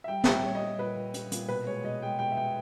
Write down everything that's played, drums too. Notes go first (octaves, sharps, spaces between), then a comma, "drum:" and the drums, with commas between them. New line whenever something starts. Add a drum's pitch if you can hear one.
E5
G3 G5
A#2 E5, drum: snare
G5
G3 C#5
D#5
G3
A#2 B4
A#2
G3, drum: hi-hat
A#2, drum: hi-hat
B2 B4
G#3 C#5
B2 D#5
G#3 G5
B2 G5
E5
B2 G5